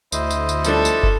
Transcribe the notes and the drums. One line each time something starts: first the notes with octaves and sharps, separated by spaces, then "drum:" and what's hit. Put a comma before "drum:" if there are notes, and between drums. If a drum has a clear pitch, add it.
D2 E4 C5 D#5, drum: tambourine
drum: tambourine
drum: tambourine
F3 G3 D4 A4, drum: tambourine
drum: tambourine
drum: kick